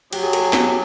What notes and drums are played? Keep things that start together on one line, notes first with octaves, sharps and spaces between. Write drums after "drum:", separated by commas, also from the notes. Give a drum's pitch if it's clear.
F#3 G4, drum: cymbal
G#4
A4, drum: cymbal
G#4
G4, drum: snare